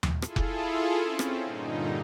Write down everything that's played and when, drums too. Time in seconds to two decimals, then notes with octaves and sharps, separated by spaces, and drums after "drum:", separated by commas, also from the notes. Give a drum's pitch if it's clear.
0.03 drum: tom D#2
0.22 E4 F4 G#4 A4, drum: rim click
0.36 drum: kick F1
1.02 C4 C#4
1.19 drum: rim click
1.42 G2 A#2 D3 D#4